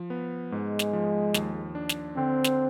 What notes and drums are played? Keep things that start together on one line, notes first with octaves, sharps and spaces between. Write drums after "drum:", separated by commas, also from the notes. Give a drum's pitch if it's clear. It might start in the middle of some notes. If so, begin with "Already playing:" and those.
Already playing: F3
B3
G#2 G#3
drum: snare
F3
D#2, drum: snare
D4
drum: snare
D3 C4
drum: snare